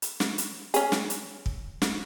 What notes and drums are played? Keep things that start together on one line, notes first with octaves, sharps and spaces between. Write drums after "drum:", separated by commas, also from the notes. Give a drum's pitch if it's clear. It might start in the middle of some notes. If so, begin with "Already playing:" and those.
drum: hi-hat
drum: snare
drum: hi-hat
C#4 G#4, drum: hi-hat
drum: snare
drum: hi-hat
drum: kick
drum: snare